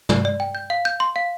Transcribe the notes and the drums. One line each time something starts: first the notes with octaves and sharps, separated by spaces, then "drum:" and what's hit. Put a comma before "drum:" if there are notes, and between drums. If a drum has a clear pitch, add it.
D5, drum: tom
D5
G5
G6
F5
G6
C6
F5